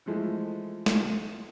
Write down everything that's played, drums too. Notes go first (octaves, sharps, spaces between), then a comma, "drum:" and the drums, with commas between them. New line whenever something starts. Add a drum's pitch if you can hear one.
E3 F3 G#3 A3
drum: snare